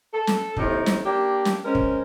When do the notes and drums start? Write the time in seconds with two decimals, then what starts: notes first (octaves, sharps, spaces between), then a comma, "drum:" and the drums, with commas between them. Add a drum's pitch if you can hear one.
0.13 A4
0.27 drum: snare
0.56 D#2 A2 C4 D#4, drum: kick
0.86 drum: snare
1.04 A#3 D4 G4
1.45 drum: snare
1.65 G#3 C4 C#4 A#4
1.75 drum: kick